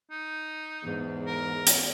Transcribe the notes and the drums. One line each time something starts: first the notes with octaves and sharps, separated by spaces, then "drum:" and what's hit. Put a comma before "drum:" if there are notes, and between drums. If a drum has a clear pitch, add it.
D#4
E2 G#2
A#4
drum: hi-hat